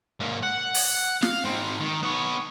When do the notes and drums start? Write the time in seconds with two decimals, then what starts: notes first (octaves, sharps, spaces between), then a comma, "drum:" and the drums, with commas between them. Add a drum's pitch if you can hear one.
0.20 G#2 A#3
0.43 F#5
0.74 drum: open hi-hat
1.22 F5, drum: snare
1.45 G#2 C4
1.80 D#3
2.03 B3 C#5